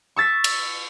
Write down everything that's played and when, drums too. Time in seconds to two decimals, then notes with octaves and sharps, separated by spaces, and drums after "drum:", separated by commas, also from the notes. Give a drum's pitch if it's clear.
0.16 C#6 E6 A6 B6
0.44 drum: cymbal